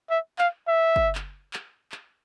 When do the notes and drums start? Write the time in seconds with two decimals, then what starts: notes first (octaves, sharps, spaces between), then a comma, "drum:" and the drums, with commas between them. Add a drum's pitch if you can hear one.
0.10 E5
0.39 F5, drum: clap
0.67 E5
0.96 drum: kick
1.15 drum: clap
1.53 drum: clap
1.92 drum: clap